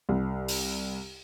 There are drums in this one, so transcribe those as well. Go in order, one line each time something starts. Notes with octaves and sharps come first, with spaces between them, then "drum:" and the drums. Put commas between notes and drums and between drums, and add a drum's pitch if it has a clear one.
C2
drum: open hi-hat